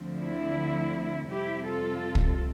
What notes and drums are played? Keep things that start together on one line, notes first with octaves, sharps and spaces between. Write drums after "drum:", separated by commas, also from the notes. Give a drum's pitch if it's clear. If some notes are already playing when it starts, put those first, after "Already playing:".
Already playing: D2 D3 F3 C4
E4
F2 C3 G3 C4 E4 G4
F4 A4
drum: kick